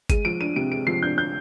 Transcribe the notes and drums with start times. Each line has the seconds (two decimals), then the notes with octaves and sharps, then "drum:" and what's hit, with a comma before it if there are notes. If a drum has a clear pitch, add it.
0.10 G#3 D#7, drum: kick G1, hi-hat
0.25 F3 D7
0.41 D4 D#7
0.56 C3 D7
0.71 G#3 D7
0.87 F3 C7
1.02 D4 G6
1.17 C3 G6